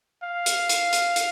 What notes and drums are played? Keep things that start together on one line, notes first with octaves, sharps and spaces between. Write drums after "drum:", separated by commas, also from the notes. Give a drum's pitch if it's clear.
F5
drum: hi-hat
drum: hi-hat
drum: hi-hat
drum: hi-hat